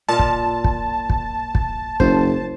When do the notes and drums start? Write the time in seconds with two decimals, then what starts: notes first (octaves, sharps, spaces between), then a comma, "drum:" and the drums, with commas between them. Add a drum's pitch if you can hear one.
0.09 A#2 F4 A5
0.19 drum: kick
0.64 drum: kick
1.10 drum: kick
1.55 drum: kick
2.00 F#1 C5, drum: kick